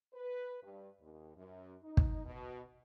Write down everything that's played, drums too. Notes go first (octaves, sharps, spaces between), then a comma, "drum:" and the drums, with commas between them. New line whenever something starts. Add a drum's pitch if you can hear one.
B4
G2
D#2
F#2
D#4
drum: kick
B2